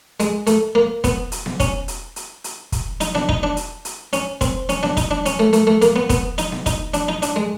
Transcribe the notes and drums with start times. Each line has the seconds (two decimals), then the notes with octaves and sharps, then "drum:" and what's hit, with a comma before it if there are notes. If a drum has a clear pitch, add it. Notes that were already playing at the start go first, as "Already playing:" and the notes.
0.20 G#3, drum: hi-hat
0.47 A3, drum: hi-hat
0.75 A#3
1.04 B3, drum: kick, hi-hat
1.32 drum: hi-hat
1.46 drum: snare B3
1.60 C#4, drum: kick, hi-hat
1.88 drum: hi-hat
2.16 drum: hi-hat
2.44 drum: hi-hat
2.72 drum: kick, hi-hat
3.01 D#4, drum: hi-hat
3.15 D4, drum: snare B3
3.29 D#4, drum: kick
3.43 D4
3.57 drum: hi-hat
3.85 drum: hi-hat
4.13 C#4, drum: hi-hat
4.41 C4, drum: kick, hi-hat
4.69 C#4, drum: hi-hat
4.83 D4, drum: snare B3
4.97 D#4, drum: kick, hi-hat
5.11 D4
5.26 C#4, drum: hi-hat
5.39 A3
5.53 A3, drum: hi-hat
5.67 A3
5.82 A#3, drum: hi-hat
5.96 B3
6.10 B3, drum: kick, hi-hat
6.38 D#4, drum: hi-hat
6.52 drum: snare B3
6.66 D#4, drum: kick, hi-hat
6.94 D4, drum: hi-hat
7.08 D#4
7.22 D4, drum: hi-hat
7.36 G#3